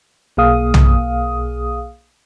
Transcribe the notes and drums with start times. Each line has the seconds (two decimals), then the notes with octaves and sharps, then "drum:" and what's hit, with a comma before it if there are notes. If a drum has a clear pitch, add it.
0.37 B1 A#3 G#4 F5 D#6
0.74 drum: tom B1